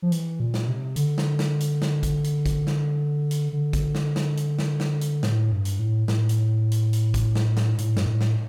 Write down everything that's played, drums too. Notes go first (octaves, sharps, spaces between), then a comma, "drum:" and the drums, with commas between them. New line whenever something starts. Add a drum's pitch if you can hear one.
F3
E3, drum: hi-hat
A#2
drum: snare
C3
D3, drum: hi-hat
drum: snare
drum: snare
drum: hi-hat
drum: snare
drum: kick G#1, hi-hat
drum: hi-hat
drum: kick G#1, hi-hat
drum: snare
drum: hi-hat
D3
drum: kick G#1, hi-hat
drum: snare
drum: snare
drum: hi-hat
drum: snare
drum: snare
drum: hi-hat
A2, drum: snare
G2
drum: hi-hat
A2
A2, drum: snare
drum: hi-hat
drum: hi-hat
drum: hi-hat
drum: kick G#1, hi-hat
drum: snare
drum: snare
A2, drum: hi-hat
G2, drum: snare
A2
drum: snare